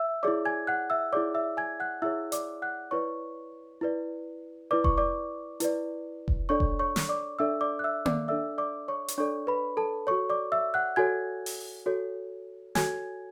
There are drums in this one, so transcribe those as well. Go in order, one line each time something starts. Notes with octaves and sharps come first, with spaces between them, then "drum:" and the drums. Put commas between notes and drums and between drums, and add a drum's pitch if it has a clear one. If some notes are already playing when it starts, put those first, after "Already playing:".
Already playing: E5 E6
E4 G#4 C#5 D5 D6
G#5 G#6
F#5 F#6
E5 E6
E4 G#4 C#5 D5 D6
E5 E6
G#5 G#6
F#5 F#6
E4 G#4 C#5 E5 E6
D5 D6, drum: hi-hat
F#5 F#6
E4 B4 C#5 D5 C#6
E4 B4 D5
E4 B4 D5 D6
C#6, drum: kick F1
D5 D6
E4 B4 D5, drum: hi-hat
drum: kick F1
D4 A4 C#5 D5 C#6
drum: kick F1
C#5 C#6
drum: snare
D5 D6
D4 A4 D5 E5 E6
D5 D6
F#6
E5 E6
D5 D6, drum: tom A#3
D4 A4 D5 E5 E6
D5 D6
C#5 C#6
drum: hi-hat
D4 A4 C#5 D5 C#6
B4 B5
A4 A5
F#4 A4 C#5 C#6
D5 D6
E5 E6
F#5 F#6
F#4 A4 C#5 G#5 G#6
drum: open hi-hat
F#4 A4 C#5
F#4 A4 C#5 G#5 G#6, drum: snare